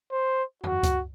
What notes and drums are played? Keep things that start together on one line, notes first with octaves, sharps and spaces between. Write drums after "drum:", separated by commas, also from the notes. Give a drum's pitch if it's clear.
C5
F#4, drum: tom E2
drum: kick C#2, hi-hat